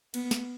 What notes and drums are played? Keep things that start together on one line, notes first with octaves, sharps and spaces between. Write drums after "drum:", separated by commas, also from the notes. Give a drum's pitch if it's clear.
B3, drum: cymbal
drum: snare